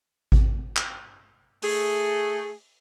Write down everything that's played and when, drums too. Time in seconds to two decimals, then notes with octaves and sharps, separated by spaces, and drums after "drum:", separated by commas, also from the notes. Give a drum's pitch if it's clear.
0.32 drum: kick G#1
0.76 drum: clap
1.62 A3 G#4, drum: open hi-hat